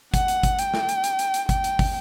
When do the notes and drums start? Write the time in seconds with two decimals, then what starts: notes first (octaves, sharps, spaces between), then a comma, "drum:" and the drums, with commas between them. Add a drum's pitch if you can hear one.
0.14 F#5, drum: kick, hi-hat
0.28 drum: hi-hat
0.43 drum: kick, hi-hat
0.59 G5, drum: hi-hat
0.74 drum: snare
0.89 drum: hi-hat
1.04 drum: hi-hat
1.19 drum: hi-hat
1.34 drum: hi-hat
1.49 G5, drum: kick, hi-hat
1.64 drum: hi-hat
1.79 drum: kick, open hi-hat